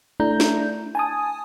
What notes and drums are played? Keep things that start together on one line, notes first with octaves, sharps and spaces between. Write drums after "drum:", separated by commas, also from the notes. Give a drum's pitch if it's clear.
A3 D4 E4 A#5 G6
drum: snare
G#5 A5 D#6